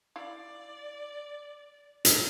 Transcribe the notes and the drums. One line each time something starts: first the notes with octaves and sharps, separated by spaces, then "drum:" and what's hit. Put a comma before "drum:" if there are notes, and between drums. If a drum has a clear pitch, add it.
E4 D5 F5
drum: hi-hat